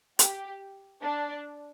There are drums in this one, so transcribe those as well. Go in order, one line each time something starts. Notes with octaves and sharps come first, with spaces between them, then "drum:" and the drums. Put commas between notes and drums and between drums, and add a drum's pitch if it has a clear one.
G4, drum: hi-hat
D4